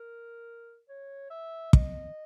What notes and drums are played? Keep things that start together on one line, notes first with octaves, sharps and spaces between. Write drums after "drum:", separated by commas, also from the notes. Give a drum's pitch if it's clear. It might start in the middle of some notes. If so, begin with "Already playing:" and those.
Already playing: A#4
C#5
E5
D#5, drum: kick